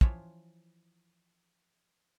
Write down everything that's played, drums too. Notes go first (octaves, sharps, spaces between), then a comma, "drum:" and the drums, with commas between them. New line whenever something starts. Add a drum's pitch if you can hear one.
E3 F3 F4 C#5 E5, drum: kick